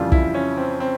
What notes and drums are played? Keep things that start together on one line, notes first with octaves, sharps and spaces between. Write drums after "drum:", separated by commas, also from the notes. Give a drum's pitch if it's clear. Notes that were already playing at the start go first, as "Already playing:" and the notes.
Already playing: F2 C#3 E3 G3 F4
E4, drum: kick
C#4
C4
C4